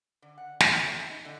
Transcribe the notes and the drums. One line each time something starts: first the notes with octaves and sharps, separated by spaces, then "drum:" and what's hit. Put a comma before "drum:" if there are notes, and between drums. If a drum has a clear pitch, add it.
D3
F#5
F#4, drum: snare
A4
F#2
D#4
D3